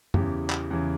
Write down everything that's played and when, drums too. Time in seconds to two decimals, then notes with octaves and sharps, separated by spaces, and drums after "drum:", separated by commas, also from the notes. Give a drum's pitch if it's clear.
0.14 E2 C#3 E3 G4, drum: tom
0.50 drum: clap
0.71 E2 C#3 E3